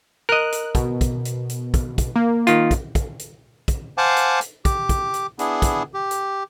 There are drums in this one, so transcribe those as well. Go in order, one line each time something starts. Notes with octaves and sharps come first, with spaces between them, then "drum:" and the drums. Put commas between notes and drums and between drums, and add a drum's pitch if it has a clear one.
A#4 D#5 F#6
drum: hi-hat
B2, drum: kick, hi-hat
drum: kick, hi-hat
drum: hi-hat
drum: hi-hat
drum: kick, hi-hat
drum: kick, hi-hat
A#3
D#3 F4, drum: hi-hat
drum: kick, hi-hat
drum: kick, hi-hat
drum: hi-hat
drum: kick, hi-hat
C5 F5 F#5 G#5 A5 D6
drum: hi-hat
drum: hi-hat
G4 D6, drum: kick, hi-hat
drum: kick, hi-hat
drum: hi-hat
B3 D4 E4 G#4, drum: hi-hat
drum: kick, hi-hat
G4
drum: hi-hat